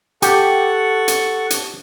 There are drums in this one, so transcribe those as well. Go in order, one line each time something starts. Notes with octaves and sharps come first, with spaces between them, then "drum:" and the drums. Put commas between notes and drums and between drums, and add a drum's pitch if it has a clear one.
G4 A4 F#5 C#6, drum: hi-hat
drum: hi-hat
drum: hi-hat